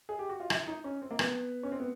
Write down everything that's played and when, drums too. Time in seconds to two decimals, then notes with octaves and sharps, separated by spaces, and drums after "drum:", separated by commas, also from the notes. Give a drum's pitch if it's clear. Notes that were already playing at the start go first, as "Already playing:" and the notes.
0.09 G#4
0.19 G4
0.29 F#4
0.40 F4
0.50 E4, drum: rim click
0.67 D#4
0.84 C#4
1.02 C4
1.11 A#3
1.19 B3, drum: rim click
1.63 C#4
1.72 C4
1.80 B3